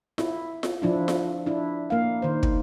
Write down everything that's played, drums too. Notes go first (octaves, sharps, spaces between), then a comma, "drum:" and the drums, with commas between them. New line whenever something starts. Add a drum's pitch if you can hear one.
E4, drum: snare F4
drum: snare F4
F3 D4 E4
drum: snare F4
D4 E4
A#3 F5
D#3 C5
drum: kick